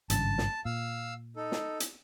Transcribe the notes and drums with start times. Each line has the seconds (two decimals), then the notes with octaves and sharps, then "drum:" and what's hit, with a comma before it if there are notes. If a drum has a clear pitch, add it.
0.10 G#1 G2 C#3 A5, drum: hi-hat
0.38 drum: snare
0.65 A#2 F5 E6
1.36 D#4 A4
1.52 drum: snare
1.80 drum: hi-hat